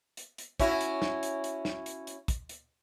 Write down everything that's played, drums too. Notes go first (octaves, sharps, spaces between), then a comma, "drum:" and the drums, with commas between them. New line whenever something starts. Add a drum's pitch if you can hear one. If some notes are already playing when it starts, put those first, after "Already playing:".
drum: hi-hat
drum: hi-hat
C#4 E4 F#4, drum: kick, hi-hat
drum: hi-hat
drum: snare
drum: hi-hat
drum: hi-hat
drum: snare
drum: hi-hat
drum: hi-hat
drum: kick, hi-hat
drum: hi-hat